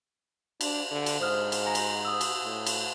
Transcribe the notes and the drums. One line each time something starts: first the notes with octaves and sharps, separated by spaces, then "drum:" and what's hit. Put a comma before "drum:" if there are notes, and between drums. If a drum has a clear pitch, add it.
D4, drum: cymbal
D3
drum: cymbal
G#2 C5 D#6 F6
drum: cymbal
G#5 A#5 A#6
drum: cymbal
D#6 E6
drum: cymbal
A2
drum: cymbal